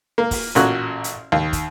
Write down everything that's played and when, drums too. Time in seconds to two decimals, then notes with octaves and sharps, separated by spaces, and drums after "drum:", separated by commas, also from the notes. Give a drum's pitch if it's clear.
0.18 A#3
0.31 drum: kick, open hi-hat
0.55 A1 A#2 C#4 F#4 F#6, drum: hi-hat
1.04 drum: hi-hat
1.32 D#2
1.53 drum: kick, hi-hat